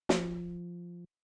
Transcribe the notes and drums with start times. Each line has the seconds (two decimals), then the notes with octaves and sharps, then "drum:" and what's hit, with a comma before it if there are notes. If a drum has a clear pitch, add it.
0.09 F3, drum: snare